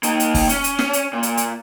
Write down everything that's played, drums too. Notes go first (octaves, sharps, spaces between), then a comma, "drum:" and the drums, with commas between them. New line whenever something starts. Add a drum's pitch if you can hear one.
A#3 D#4, drum: hi-hat
drum: hi-hat
drum: kick, open hi-hat
C#4, drum: hi-hat
drum: hi-hat
drum: snare
drum: hi-hat
A#2
drum: hi-hat
drum: hi-hat